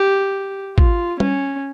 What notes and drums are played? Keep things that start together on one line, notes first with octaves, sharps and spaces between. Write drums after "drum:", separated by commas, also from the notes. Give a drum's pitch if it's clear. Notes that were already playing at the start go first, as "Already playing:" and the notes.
Already playing: G4
F4, drum: kick
C#4, drum: tom G3